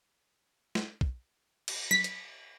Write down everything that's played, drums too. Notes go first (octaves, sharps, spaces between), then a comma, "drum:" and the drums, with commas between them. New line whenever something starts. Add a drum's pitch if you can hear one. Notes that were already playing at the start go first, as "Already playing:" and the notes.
drum: snare
drum: kick
drum: cymbal
B6, drum: tom F#3
drum: hi-hat